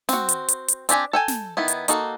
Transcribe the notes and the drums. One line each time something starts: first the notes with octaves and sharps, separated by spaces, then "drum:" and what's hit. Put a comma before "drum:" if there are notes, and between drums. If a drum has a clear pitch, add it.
C4 F#4, drum: snare
drum: hi-hat
drum: hi-hat
drum: hi-hat
C4 D4 G4 G#5, drum: hi-hat
A4 G5 G#5
drum: snare
D#3 B3 E4
drum: hi-hat
A#3 D#4 F#4 A4, drum: hi-hat